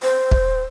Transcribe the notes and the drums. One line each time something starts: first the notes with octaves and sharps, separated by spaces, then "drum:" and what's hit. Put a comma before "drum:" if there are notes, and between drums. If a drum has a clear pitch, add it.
C5
drum: kick